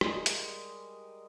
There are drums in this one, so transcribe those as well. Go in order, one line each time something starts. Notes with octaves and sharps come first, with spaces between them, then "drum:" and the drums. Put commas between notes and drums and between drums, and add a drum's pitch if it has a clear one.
G3 G#3 A#4 D#5, drum: rim click
drum: hi-hat